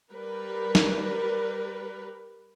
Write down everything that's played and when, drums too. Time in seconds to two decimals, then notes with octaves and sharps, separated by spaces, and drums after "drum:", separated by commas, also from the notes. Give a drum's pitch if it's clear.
0.12 G3 A#4 B4
0.75 drum: snare